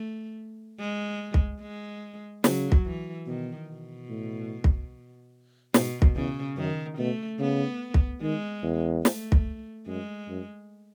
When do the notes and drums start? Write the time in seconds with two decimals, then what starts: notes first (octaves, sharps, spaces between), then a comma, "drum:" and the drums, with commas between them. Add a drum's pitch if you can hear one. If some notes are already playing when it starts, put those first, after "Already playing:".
Already playing: A3
0.79 G#3
1.34 drum: kick
1.61 G#3
2.44 C#3 F#3, drum: snare
2.72 drum: kick
2.85 E3
3.27 B2 D#3
3.68 B2
4.09 A2
4.64 drum: kick
5.74 G#2 B2, drum: snare
6.02 drum: kick
6.15 E2 C#3
6.56 F#2 D#3
6.98 B2 A3
7.39 C#3 B3
7.94 drum: kick
8.22 D#3 G#3
8.63 E2
9.05 A3, drum: snare
9.32 drum: kick
9.87 F#2 G#3
10.28 F#2